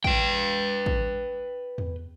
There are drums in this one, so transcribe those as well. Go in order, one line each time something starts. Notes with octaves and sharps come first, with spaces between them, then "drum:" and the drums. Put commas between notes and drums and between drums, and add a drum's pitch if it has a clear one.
B4 G5, drum: kick
drum: kick
drum: tom E2